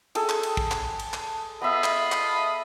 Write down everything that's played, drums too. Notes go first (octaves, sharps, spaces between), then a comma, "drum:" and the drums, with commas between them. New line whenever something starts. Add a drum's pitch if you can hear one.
G#4 A4 G5, drum: cymbal
drum: clap
drum: cymbal
drum: kick
drum: clap
drum: cymbal
drum: clap
B3 F4 D#5 E5 B5
drum: clap
drum: clap